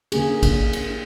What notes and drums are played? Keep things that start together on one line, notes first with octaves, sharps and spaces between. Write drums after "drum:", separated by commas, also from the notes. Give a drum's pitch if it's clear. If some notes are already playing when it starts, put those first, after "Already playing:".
D3 A#3 C#4 G#4, drum: cymbal
drum: kick, cymbal
drum: cymbal